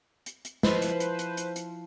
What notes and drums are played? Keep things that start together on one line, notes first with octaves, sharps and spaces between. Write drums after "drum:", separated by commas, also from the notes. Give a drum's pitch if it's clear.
drum: hi-hat
drum: hi-hat
F3 E4 B4 C5, drum: snare
drum: hi-hat
drum: hi-hat
drum: hi-hat
drum: hi-hat
drum: hi-hat